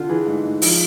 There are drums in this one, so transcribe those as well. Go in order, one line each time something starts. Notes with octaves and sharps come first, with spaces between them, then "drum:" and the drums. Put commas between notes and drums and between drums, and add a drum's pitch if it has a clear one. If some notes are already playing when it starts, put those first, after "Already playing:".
Already playing: D3 F4
E3 G#4
G#2
G#2
F3, drum: open hi-hat